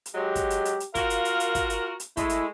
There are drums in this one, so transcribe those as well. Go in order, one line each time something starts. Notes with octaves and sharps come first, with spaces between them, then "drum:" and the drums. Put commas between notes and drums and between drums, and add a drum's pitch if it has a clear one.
drum: hi-hat
F#3 G#3 G4
drum: kick, hi-hat
drum: hi-hat
drum: hi-hat
drum: hi-hat
F4 F#4 A#4 F5, drum: kick, hi-hat
drum: hi-hat
drum: hi-hat
drum: hi-hat
drum: kick, hi-hat
drum: hi-hat
drum: hi-hat
G#3 A3 E4, drum: kick, hi-hat
drum: hi-hat